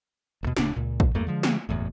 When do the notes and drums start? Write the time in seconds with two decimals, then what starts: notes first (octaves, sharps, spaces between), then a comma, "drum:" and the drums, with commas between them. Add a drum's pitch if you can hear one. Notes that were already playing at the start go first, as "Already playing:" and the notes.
0.43 A1 D#2 B2
0.57 D1 C#3 D4, drum: snare
0.76 C#2 A#2
1.00 drum: kick
1.15 E2 G2 A3 A#3
1.27 D3 F3 G#3
1.43 drum: snare
1.69 F#1 E2 A2